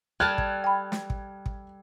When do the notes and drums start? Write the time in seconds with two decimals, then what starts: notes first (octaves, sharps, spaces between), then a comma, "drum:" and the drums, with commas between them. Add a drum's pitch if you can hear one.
0.20 G3 A4 A5 F6 F#6 G#6
0.38 drum: kick
0.64 G5 B5
0.92 drum: snare
1.10 drum: kick
1.46 drum: kick